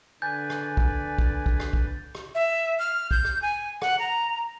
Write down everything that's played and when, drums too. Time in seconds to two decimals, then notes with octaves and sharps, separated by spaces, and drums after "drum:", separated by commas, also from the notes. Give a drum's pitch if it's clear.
0.22 D3 B4 D5 G#5 G6
0.50 drum: rim click
0.77 drum: kick
1.19 drum: kick
1.46 drum: kick
1.60 drum: rim click
1.73 drum: kick
2.15 drum: rim click
2.35 E5
2.79 F6
3.11 G6, drum: kick
3.25 drum: rim click
3.42 G#5
3.82 F#5, drum: rim click
3.99 A#5